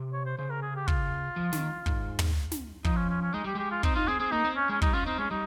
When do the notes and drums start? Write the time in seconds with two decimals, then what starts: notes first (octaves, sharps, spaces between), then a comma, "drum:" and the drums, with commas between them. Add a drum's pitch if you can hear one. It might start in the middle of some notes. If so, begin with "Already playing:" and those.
Already playing: C3
0.13 C#5
0.25 C5
0.38 C#3 C5
0.50 A#4
0.62 G#4
0.76 G4
0.88 F4, drum: kick
1.36 F3
1.52 D#3, drum: snare
1.86 G#2, drum: kick
2.19 drum: tom
2.52 drum: snare
2.84 F3 D#4, drum: kick
2.96 C#4
3.10 C#4
3.21 C#4
3.33 G#3 D#4
3.44 G3 G4
3.55 G#3 G4
3.71 F4
3.83 C4 D#4, drum: kick
3.95 D#4 F4
4.08 C4 G#4
4.20 C4 G#4
4.32 A#3 D#4
4.45 C4
4.57 C#4
4.69 G#3 C#4
4.82 G3 D#4, drum: kick
4.93 C#4 F4
5.06 C4 D#4
5.18 G#3 C#4
5.31 G3 D#4